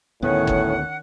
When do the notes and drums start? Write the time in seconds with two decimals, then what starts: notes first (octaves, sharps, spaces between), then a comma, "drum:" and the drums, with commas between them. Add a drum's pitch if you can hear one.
0.22 D2 A2 D#3 B3 C#4 F#5 F#6
0.47 drum: kick